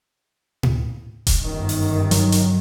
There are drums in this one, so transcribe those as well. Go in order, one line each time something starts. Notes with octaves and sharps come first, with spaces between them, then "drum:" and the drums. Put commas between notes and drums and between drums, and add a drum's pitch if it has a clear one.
drum: tom A2
drum: kick D#1, hi-hat
G1 F#2 D#3
drum: open hi-hat
F#3, drum: hi-hat
drum: hi-hat